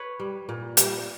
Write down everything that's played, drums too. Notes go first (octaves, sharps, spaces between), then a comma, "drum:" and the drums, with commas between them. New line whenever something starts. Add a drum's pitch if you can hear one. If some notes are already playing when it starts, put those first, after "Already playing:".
Already playing: B4 C#5
G3
A#2
G3, drum: hi-hat